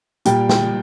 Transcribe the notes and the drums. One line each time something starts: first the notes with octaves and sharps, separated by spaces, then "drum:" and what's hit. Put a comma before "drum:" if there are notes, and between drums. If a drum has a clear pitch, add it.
A#2 G3 G5, drum: hi-hat
G5, drum: snare